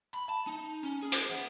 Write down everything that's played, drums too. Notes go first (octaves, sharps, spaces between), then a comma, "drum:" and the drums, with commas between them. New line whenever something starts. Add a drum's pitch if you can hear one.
B5
A5
D#4
C#4
G#4
drum: hi-hat
B3